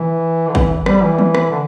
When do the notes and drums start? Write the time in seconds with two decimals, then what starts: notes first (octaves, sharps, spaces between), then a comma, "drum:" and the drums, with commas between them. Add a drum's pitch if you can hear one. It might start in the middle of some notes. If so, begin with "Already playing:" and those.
Already playing: E3
0.48 D3
0.55 E3, drum: kick
0.86 G3, drum: rim click
1.02 E3
1.19 drum: tom
1.35 drum: rim click
1.50 D3